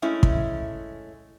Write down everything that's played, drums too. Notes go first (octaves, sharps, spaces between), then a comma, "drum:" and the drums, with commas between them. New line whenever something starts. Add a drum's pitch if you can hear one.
G#3 A3 C#4 E4
drum: kick